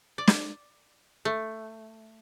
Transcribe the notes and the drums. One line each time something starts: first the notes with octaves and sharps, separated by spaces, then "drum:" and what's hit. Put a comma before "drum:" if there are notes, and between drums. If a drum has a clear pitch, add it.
D5
drum: snare
A3